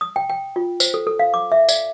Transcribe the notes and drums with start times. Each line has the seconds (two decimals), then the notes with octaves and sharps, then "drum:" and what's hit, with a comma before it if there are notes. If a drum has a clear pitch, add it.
0.01 D#6
0.16 G5
0.30 G5
0.56 F4
0.80 C5, drum: tambourine
0.94 A4
1.07 A4
1.19 F5
1.34 D6
1.52 E5
1.69 D5, drum: tambourine